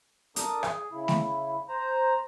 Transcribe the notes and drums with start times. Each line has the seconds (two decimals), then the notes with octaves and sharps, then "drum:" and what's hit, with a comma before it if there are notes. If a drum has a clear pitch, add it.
0.36 D4 A4 A#4 D6 D#6, drum: hi-hat
0.63 G#4, drum: rim click
0.92 C#3 E4
1.08 drum: snare
1.69 C5 A#5